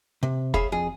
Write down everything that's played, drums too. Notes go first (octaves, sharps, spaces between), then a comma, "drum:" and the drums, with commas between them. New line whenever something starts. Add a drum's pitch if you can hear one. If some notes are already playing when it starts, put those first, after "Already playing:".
C3
G#4 C#5 E5 F5 B5, drum: kick
F2 G#4